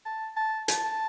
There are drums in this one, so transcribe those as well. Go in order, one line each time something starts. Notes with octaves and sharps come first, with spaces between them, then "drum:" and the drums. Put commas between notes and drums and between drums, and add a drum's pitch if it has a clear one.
A5
A5
A5, drum: hi-hat